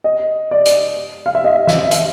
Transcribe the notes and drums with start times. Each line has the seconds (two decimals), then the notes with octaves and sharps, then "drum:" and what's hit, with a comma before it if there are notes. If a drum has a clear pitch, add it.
0.04 D#5
0.51 D5
0.65 drum: hi-hat
1.26 F5
1.35 E5
1.44 D#5
1.67 E5, drum: snare
1.91 E5, drum: hi-hat